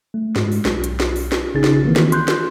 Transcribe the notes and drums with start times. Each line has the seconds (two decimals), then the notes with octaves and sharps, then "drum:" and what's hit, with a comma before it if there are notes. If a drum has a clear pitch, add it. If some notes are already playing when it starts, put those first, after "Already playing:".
0.14 A3
0.36 G#2 G#3, drum: snare
0.52 drum: open hi-hat
0.65 B1, drum: snare
0.84 drum: hi-hat
1.00 drum: snare
1.16 drum: open hi-hat
1.32 drum: snare
1.54 A#1 C#3 C#4 D#4 G#4 A6
1.64 drum: snare
1.84 D#3 E3 A#3 C4
1.96 drum: snare
2.12 C6 F#6 G6, drum: hi-hat
2.28 drum: snare